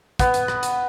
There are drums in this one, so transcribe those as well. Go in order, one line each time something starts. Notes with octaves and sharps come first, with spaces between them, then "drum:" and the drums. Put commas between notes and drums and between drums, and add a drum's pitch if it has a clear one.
B3, drum: kick, hi-hat
drum: hi-hat
drum: rim click
drum: hi-hat